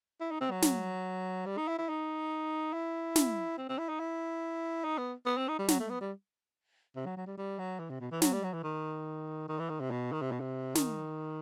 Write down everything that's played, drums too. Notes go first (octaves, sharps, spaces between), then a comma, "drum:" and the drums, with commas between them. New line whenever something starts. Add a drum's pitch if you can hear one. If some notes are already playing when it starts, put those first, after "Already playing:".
E4
D#4
C4
F#3
drum: snare
G3
D#4
E4
E4
D#4
E4
drum: snare
C4
C4
E4
D#4
E4
D#4
B3
B3
C4
D#4
G3
F#3, drum: snare
A3
B3
G3
C3
F#3
F#3
G3
G3
F#3
E3
C3
B2
E3
F#3, drum: snare
G3
F#3
E3
D#3
D#3
E3
D#3
C3
B2
D#3
C3
B2
C3
D#3, drum: snare